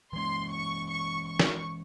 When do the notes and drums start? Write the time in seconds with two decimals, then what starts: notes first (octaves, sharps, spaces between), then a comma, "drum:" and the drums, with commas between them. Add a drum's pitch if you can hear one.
0.13 E3 G#3 C#4 C6
0.51 C#6
0.89 C#6
1.28 C#6
1.39 drum: snare